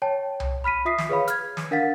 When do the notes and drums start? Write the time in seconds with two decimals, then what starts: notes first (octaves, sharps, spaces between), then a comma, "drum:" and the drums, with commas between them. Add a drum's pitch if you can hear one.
0.02 C#5 G5 A5
0.40 drum: tom C2
0.64 B5 F6 B6 D#7
0.85 F4 E5 D#6 B6 C7
0.98 drum: snare
1.09 G#4 B4 C#5 F5 B5
1.28 F6 G#6, drum: hi-hat
1.57 drum: snare
1.71 D4 A#4 F5 F#5 A6 B6